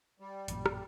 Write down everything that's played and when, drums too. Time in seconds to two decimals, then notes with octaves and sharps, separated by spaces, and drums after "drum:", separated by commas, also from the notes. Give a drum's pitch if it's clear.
0.20 G3
0.48 A1 F#2 A#2, drum: hi-hat
0.66 drum: rim click